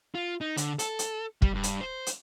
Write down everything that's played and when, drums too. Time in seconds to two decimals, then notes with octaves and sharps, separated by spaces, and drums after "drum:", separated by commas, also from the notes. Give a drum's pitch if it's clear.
0.15 F4
0.41 D#4
0.57 D3, drum: hi-hat
0.79 A4, drum: hi-hat
0.99 drum: hi-hat
1.42 G3, drum: kick
1.54 G2
1.63 drum: hi-hat
1.81 C5
2.07 drum: hi-hat